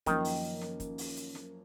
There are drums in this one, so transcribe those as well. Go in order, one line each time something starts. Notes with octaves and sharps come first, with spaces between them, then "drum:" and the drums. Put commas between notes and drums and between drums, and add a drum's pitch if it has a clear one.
F#2 D#3 F3 A#3, drum: kick, hi-hat
drum: open hi-hat
drum: snare
drum: kick, hi-hat
drum: open hi-hat
drum: hi-hat
drum: snare